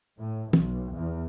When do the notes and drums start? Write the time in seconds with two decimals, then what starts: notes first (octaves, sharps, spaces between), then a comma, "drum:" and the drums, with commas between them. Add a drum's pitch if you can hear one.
0.20 A2
0.53 B1, drum: tom
0.96 E2